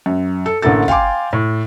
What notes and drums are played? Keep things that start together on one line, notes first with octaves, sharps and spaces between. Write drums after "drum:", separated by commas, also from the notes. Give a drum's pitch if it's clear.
F#2
A4
A1 D3 A#3 E4 A4 A6
F5 G5 G#5 C6 D6, drum: kick
A2